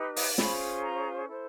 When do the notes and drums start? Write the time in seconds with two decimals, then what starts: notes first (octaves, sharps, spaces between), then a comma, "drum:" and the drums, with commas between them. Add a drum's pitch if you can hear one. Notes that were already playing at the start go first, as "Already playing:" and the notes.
Already playing: D#4 G4 B4
0.16 drum: open hi-hat
0.38 C#4 F4 G#4 C5 B5, drum: snare
0.82 A#5
1.26 E4 A4 C5